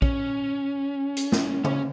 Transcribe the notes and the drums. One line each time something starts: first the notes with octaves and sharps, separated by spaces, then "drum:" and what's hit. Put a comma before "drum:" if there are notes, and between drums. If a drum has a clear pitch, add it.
C#4, drum: kick A#1
drum: hi-hat
drum: snare
C#4, drum: tom C#3